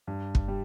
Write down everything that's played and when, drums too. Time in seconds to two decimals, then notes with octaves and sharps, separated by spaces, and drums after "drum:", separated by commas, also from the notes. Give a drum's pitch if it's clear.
0.07 G2
0.35 drum: kick
0.48 G3